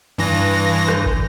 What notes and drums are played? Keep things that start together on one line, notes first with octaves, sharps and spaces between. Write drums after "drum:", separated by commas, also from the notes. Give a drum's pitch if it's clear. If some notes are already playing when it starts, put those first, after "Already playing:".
G2 E3 A#6
drum: rim click
drum: kick